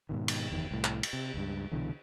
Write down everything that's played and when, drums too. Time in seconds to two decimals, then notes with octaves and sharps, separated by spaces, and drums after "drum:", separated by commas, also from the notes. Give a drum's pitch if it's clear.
0.09 G#2 B2 D#3
0.28 drum: cymbal
0.50 F#1 E2 D#3
0.71 C2 A2
0.84 drum: clap
1.03 drum: cymbal
1.13 C3
1.34 C#2 G2
1.72 C2 B2 D3 E3